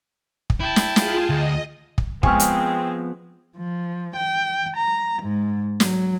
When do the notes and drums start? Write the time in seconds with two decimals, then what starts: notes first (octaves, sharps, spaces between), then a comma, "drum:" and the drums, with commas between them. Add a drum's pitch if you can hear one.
0.50 drum: kick
0.60 E4 G5 A5
0.76 drum: snare
0.96 F4 G#4, drum: snare
1.30 D2 D#5
1.98 drum: kick
2.23 F3 G#3 B3 C4 G5 G#5 C#6 F6, drum: kick
2.40 drum: hi-hat
3.56 F3
4.15 G5
4.77 A#5
5.21 G#2
5.80 F#3, drum: snare